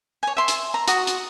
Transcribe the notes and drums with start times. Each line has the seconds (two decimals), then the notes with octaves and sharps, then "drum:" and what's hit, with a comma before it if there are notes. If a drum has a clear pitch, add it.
0.23 C#5 G#5
0.37 E5 C6
0.48 drum: hi-hat
0.74 A#5
0.88 F#4 D#6, drum: hi-hat
1.07 drum: hi-hat